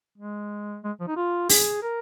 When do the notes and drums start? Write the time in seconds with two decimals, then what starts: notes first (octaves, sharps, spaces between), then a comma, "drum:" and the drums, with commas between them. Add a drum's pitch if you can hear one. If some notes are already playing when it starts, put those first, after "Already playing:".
0.18 G#3
0.84 G#3
1.00 F3
1.08 D#4
1.16 F4
1.49 G#4, drum: open hi-hat
1.82 A#4